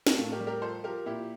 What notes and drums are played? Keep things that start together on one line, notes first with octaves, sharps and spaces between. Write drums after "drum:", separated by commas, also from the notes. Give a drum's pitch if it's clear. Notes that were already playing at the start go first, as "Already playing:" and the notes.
A#4, drum: snare
A2 F4 A4
G4 A#4
G3
G4 A#4
F3 A4 C5
F3 G4 A#4
A#2 E4 G4